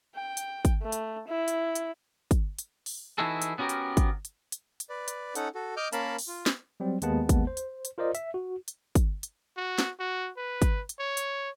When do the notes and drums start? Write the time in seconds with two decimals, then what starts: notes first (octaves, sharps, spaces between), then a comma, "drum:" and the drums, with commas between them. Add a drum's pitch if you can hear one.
0.15 G5
0.37 drum: hi-hat
0.65 drum: kick, hi-hat
0.83 A3
0.92 drum: hi-hat
1.28 E4
1.48 drum: hi-hat
1.75 drum: hi-hat
2.31 drum: kick, hi-hat
2.59 drum: hi-hat
2.86 drum: open hi-hat
3.18 E3 D#4 E4 F#4 G#4 A4
3.42 drum: hi-hat
3.58 B3 C#4 F#4 G4 A#4
3.69 drum: hi-hat
3.97 drum: kick, hi-hat
4.25 drum: hi-hat
4.52 drum: hi-hat
4.80 drum: hi-hat
4.89 B4 D5
5.08 drum: hi-hat
5.35 C#4 D#4 A4 F#5, drum: hi-hat
5.55 F#4 A4
5.77 D#5 D6 F6 G6
5.93 A#3 C#4 A#4 F5 A5 B5, drum: hi-hat
6.19 drum: open hi-hat
6.28 F4
6.46 drum: snare
6.80 F#3 G3 C4
7.02 D#2 G#3 A#3 B3 F#5 A5, drum: hi-hat
7.29 drum: kick, hi-hat
7.47 C5
7.57 drum: hi-hat
7.85 drum: hi-hat
7.98 F4 A#4 C5 D5 D#5
8.15 E5, drum: hi-hat
8.34 F#4
8.68 drum: hi-hat
8.95 drum: kick, hi-hat
9.23 drum: hi-hat
9.57 F#4
9.79 drum: snare
10.00 F#4
10.37 B4
10.62 drum: kick, hi-hat
10.89 drum: hi-hat
10.99 C#5
11.17 drum: hi-hat